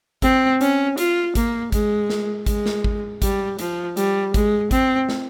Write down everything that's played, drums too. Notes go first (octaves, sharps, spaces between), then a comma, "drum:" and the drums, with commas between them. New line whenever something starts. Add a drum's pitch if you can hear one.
C4, drum: kick G#1, hi-hat
C#4, drum: hi-hat
F4, drum: hi-hat
A#3, drum: kick G#1, hi-hat
G#3, drum: kick G#1, hi-hat
drum: snare
G#3, drum: kick G#1, hi-hat
drum: snare
drum: kick G#1
G3, drum: kick G#1, hi-hat
F3, drum: hi-hat
G3, drum: hi-hat
G#3, drum: kick G#1, hi-hat
C4, drum: kick G#1, hi-hat
drum: snare